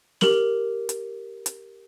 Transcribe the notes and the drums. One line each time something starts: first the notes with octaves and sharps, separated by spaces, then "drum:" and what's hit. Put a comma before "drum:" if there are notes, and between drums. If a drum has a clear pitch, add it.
G4 A#4 F#7, drum: snare
drum: hi-hat
drum: hi-hat